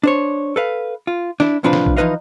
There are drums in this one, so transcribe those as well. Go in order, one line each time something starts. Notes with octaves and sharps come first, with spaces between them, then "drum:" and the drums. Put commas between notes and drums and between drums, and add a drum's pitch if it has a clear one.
D4 C5 C#5
A4 B4 F5
F4
D4 E4, drum: snare
A2 C3 F3 D4 B4 F5
drum: snare
drum: kick A#1
E3 F3 D#4 B4 D#5 F5